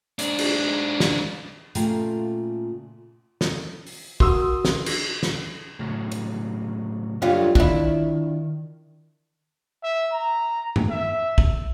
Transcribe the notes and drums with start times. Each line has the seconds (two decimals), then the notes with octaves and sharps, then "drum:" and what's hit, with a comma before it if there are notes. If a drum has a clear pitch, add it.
0.19 G#2 D4, drum: hi-hat
0.39 drum: cymbal
1.00 drum: snare
1.75 A#2 C#3 A3 F4 G5 A#5, drum: hi-hat
3.41 drum: snare
3.87 drum: open hi-hat
4.20 F#4 A#4 C6 D#6 E6, drum: kick
4.65 drum: snare
4.86 drum: cymbal
5.23 drum: snare
5.79 A2 C#3 F#3
6.12 drum: hi-hat
7.22 F#2 G3 D4 F4 A4 C#5
7.55 D#3 D4 E4, drum: kick
9.83 E5
10.12 A#5
10.76 drum: tom G2
10.90 E5
11.38 drum: kick